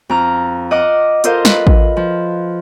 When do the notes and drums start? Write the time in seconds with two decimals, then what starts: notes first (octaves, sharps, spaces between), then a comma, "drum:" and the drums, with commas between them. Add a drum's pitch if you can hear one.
0.09 F2 A#5 F6
0.71 D#5 F#5 D6 D#6 F6
1.24 F4 A4 A#4 C5 D#5 F5, drum: hi-hat
1.45 B4, drum: snare
1.67 drum: kick A1
1.97 F3